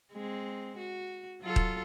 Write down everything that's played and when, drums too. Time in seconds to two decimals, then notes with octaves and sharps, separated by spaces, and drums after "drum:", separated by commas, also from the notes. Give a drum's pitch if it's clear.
0.13 G#3 C4
0.78 F#4
1.42 F#3 F4 A4
1.56 drum: kick D#1